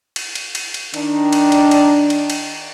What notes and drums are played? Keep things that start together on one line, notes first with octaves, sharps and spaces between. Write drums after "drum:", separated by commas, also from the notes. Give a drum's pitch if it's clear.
drum: cymbal
drum: cymbal
drum: cymbal
drum: cymbal
D#3 D4, drum: cymbal
drum: cymbal
drum: cymbal
drum: cymbal
drum: cymbal
drum: cymbal